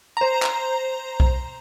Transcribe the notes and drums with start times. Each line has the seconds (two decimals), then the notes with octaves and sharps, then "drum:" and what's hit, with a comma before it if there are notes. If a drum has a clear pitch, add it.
0.17 C5 A#5
0.43 drum: clap
1.20 drum: kick